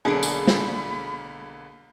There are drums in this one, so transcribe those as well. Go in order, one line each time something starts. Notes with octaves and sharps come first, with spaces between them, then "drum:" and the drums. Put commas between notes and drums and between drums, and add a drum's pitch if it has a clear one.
B1 D3 A#3 C#4 D4 G#4 B5
drum: tambourine
drum: snare